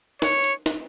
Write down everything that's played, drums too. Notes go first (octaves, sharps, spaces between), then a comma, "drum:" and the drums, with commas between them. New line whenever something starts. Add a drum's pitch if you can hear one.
C#5, drum: snare
drum: hi-hat
drum: snare